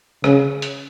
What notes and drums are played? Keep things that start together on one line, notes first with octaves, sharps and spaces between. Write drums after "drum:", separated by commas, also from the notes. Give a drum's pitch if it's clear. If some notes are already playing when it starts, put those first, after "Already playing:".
C#3, drum: rim click
drum: hi-hat